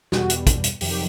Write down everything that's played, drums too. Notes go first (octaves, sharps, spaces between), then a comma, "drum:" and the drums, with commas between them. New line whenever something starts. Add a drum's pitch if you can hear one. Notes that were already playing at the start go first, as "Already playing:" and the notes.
E2 B2 G3 F#4, drum: snare
drum: hi-hat
drum: kick, hi-hat
drum: hi-hat
F2 C3 D#3 F#3 G4, drum: open hi-hat